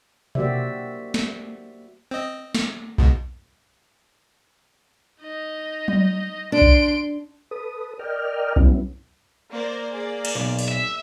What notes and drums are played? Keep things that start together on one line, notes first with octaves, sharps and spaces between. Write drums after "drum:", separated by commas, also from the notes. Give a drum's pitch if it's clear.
A#3 F#4 G4 C5 D5 E5, drum: tom B2
drum: snare
C4 D#5
drum: snare
C#2 G#2 B2, drum: kick B1
D#4 D#5
drum: tom F#3
D4 C6 D7
drum: kick B1
A4 B4 D#6
A#4 D5 D#5 G5 F6
F#3 G3 B3 C#4 E4, drum: kick B1
A#3 A#4 C5 D5
G#4 D5
drum: cymbal
B1
drum: open hi-hat
E5